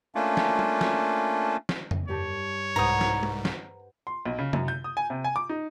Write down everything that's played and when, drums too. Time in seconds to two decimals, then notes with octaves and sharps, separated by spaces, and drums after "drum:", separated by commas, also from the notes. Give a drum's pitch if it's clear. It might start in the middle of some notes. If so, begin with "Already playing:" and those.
0.15 A3 A#3 C#4 D4 F4
0.37 drum: snare
0.59 drum: tom G3
0.81 drum: snare
1.69 drum: snare
1.91 drum: tom
2.08 G2 G4 C#5 A5
2.76 C2 G#2 B4 C5 F#5 A#5 D#6
3.01 drum: snare
3.23 drum: tom G3
3.45 drum: snare
4.07 C6
4.26 B1
4.38 C#3
4.53 F#2, drum: tom C3
4.68 G6
4.84 D#6
4.97 G#5
5.10 C3
5.24 G#5
5.36 D6
5.49 D#4